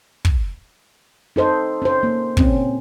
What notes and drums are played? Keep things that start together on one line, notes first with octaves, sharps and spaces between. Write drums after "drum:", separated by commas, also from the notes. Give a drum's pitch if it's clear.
drum: kick
D#4 A4 C5 D#5
C#4 C5
A#3
A#2 C4 C#4, drum: kick